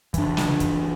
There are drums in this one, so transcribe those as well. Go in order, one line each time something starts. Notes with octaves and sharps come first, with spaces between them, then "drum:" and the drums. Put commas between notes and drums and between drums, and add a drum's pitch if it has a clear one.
E3 D4, drum: kick, hi-hat
drum: snare
drum: kick, hi-hat